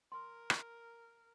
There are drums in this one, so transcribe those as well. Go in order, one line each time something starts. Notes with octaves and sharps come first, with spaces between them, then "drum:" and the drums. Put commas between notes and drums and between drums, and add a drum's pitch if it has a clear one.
A#4 C6
drum: rim click